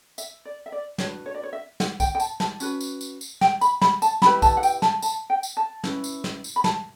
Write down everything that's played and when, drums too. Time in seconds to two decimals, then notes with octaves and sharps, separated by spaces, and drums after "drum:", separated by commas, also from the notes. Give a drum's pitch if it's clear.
0.18 E5, drum: tambourine
0.45 D5
0.66 E5
0.72 D5
0.98 D4 F#4 B4 C#5, drum: snare
1.26 C#5
1.35 D5
1.43 C#5
1.53 E5
1.80 F#5, drum: snare
2.00 G5, drum: kick B1, tambourine
2.15 G5
2.20 A5, drum: tambourine
2.40 A5, drum: snare
2.60 C#4 F#4 B4, drum: tambourine
2.81 drum: tambourine
3.01 drum: tambourine
3.21 drum: tambourine
3.41 G5, drum: snare
3.61 B5, drum: tambourine
3.81 B5, drum: snare
4.02 A5, drum: tambourine
4.22 C#4 E4 G4 B4 B5, drum: snare
4.42 A5, drum: kick B1, tambourine
4.57 F#5
4.63 G5, drum: tambourine
4.82 A5, drum: snare
5.02 A5, drum: tambourine
5.30 G5
5.43 drum: tambourine
5.57 A5
5.84 C#4 E4 B4, drum: snare
6.04 drum: tambourine
6.24 drum: snare
6.44 drum: tambourine
6.56 B5
6.64 A5, drum: snare